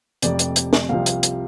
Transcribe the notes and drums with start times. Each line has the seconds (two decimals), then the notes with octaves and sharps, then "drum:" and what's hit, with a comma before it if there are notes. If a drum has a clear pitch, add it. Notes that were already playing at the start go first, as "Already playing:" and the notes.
0.22 F1 F2 C3 D5, drum: hi-hat
0.39 drum: hi-hat
0.56 drum: hi-hat
0.73 drum: snare
0.89 C2 C3 F3 F5
1.06 drum: hi-hat
1.23 drum: hi-hat